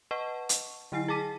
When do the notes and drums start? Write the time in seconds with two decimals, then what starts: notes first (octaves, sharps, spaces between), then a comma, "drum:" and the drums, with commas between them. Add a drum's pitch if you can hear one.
0.11 B4 D#5 F#5 A5 C#6
0.49 drum: hi-hat
0.92 D3 F#3 E4 G#5 C7
1.08 G#4 G#5 A5 D6 B6 D#7